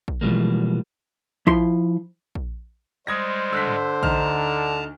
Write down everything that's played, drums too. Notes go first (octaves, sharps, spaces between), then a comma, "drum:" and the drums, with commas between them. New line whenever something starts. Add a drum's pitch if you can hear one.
drum: kick A#1
B2 E3 F3 G3 G#3 A#3
F3 E4 C6, drum: kick A#1
drum: kick A#1
G3 G#3 C5 D#6 G#6 A#6
D3 E6 F#6 B6
drum: tom
D2 D#4 A5 A#5 F6, drum: kick A#1